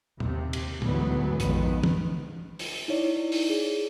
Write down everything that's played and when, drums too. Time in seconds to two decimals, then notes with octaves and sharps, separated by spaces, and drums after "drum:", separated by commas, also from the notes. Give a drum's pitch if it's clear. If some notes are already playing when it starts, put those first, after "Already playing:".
0.20 D#2 C3, drum: tom
0.53 drum: cymbal
0.82 D2 G#2 E3 F#3 B3, drum: tom
1.40 A#1 F2 D#3 G#3 B3, drum: hi-hat
1.83 drum: tom
2.59 drum: open hi-hat
2.88 D#4 E4 C#5 D5
3.32 drum: open hi-hat
3.50 G#4